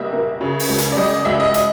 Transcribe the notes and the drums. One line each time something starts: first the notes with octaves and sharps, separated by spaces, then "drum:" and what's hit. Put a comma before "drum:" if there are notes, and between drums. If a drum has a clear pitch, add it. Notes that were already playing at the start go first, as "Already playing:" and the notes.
Already playing: A#1 G3 A#3 D#5 E5
A#3
C#3
drum: open hi-hat
C#2
drum: hi-hat
D5
G3 D#5
C#2 E5
D#5
D#5, drum: hi-hat